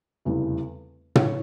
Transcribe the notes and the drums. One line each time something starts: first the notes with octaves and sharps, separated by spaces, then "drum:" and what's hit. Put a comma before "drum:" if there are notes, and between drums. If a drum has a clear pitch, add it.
F1 E2 C#3 E3 G3
C#3 E3 C#5, drum: tom